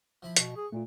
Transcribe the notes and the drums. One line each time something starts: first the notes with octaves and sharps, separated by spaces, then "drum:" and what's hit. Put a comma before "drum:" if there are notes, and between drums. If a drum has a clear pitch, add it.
F3 E4 B5
B2 C#6, drum: hi-hat
G#4
A#2 A3 F4